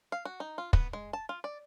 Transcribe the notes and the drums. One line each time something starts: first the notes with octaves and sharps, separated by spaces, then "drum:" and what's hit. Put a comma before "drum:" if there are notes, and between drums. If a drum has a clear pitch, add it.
F5
F#4
D#4
F4
B3, drum: kick
G#3
A5
F4
D5